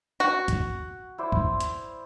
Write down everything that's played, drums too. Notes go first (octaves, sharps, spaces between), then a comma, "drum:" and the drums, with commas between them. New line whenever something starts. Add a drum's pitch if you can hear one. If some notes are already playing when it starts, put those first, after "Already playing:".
F#4
drum: kick, hi-hat
E4 C5 D5
drum: kick
drum: hi-hat